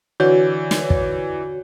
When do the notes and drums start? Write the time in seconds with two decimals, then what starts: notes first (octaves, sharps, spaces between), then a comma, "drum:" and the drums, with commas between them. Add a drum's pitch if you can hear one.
0.20 D3 E3 F#4 C#5 D5 G6
0.71 drum: snare
0.90 drum: kick